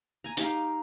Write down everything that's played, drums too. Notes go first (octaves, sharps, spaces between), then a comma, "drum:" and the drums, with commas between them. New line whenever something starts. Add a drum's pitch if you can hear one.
G#5 A#5
D#4 G4 F5, drum: hi-hat